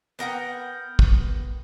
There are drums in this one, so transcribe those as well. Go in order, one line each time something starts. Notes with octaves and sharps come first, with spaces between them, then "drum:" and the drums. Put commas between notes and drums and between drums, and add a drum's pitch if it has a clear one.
B3 A#4 F#5 G5
drum: kick